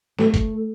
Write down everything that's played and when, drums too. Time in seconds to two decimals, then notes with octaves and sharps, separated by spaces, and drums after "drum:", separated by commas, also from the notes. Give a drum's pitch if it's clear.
0.19 A3, drum: snare
0.34 drum: kick, hi-hat